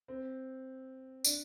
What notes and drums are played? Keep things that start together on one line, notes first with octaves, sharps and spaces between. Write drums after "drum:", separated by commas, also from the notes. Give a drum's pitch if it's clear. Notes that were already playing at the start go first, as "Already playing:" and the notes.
C4
D4, drum: tambourine